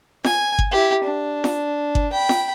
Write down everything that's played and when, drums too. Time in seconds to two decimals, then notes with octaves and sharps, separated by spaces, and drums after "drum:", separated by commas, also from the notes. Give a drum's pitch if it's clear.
0.24 G#5, drum: snare
0.59 drum: kick G1
0.71 E4 G4
1.04 D4
1.44 drum: snare
1.95 drum: kick G1
2.13 G5 B5
2.29 drum: snare